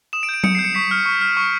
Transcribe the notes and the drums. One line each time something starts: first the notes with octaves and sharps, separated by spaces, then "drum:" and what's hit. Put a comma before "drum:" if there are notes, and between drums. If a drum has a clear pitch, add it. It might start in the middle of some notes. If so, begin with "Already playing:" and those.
D#6 E7
D7
G6
D7
D#6 C#7, drum: tom F#3
G6 C7
C#7
C#6 B6
F6
C#6
F6
C#6